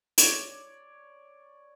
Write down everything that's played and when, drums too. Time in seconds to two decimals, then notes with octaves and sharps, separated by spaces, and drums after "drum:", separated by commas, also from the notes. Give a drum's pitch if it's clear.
0.18 C#5 D5, drum: hi-hat